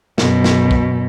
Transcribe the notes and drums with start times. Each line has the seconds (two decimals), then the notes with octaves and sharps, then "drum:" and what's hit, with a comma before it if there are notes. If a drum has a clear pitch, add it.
0.18 F#2 B2, drum: snare
0.44 drum: snare
0.71 drum: kick